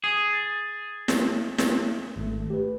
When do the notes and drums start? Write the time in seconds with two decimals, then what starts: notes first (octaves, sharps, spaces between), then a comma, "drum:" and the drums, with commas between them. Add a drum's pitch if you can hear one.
0.04 G#4
0.33 A6
1.08 drum: snare
1.58 drum: snare
2.16 G#1 A3
2.50 G4 B4